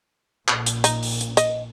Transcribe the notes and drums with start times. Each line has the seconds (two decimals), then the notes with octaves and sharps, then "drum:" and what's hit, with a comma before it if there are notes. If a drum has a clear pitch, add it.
0.48 A#1 A#2, drum: clap
0.66 drum: hi-hat
0.84 D#4, drum: hi-hat
1.03 drum: open hi-hat
1.21 drum: hi-hat
1.37 D#5, drum: hi-hat